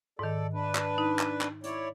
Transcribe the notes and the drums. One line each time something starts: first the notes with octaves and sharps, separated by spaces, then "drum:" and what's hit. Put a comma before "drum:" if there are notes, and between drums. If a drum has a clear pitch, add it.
G#2 D#3 A4 D5
D4 B4
drum: clap
D#4
drum: clap
drum: clap
E4 C#5 D5, drum: hi-hat